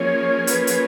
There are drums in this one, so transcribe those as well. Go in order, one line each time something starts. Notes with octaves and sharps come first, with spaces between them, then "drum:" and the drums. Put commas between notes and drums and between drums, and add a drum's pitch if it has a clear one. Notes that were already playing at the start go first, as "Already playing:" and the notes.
Already playing: F3 A#3 C#4 G#4 C#5
B4, drum: hi-hat
drum: hi-hat